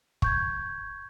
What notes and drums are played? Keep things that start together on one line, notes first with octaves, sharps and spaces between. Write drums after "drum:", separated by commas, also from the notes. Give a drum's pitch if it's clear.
C#6 G6 G#6, drum: kick